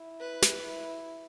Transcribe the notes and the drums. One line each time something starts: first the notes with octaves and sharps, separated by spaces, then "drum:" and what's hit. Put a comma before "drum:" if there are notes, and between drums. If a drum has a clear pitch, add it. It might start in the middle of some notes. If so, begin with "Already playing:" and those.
Already playing: E4
B4
drum: snare
E4